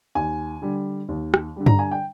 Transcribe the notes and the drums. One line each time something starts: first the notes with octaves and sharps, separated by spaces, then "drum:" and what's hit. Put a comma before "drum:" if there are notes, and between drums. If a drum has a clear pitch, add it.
D#2 G#5
D3 G3
D#2
drum: rim click
D3 G3
A#5, drum: tom G2
G#5
G5